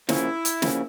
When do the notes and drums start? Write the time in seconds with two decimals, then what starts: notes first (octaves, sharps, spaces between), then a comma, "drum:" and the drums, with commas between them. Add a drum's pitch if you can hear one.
0.09 C#3 F3 A#3 C#4 E4, drum: snare
0.45 drum: hi-hat
0.62 C#3 F3 A#3 C#4, drum: snare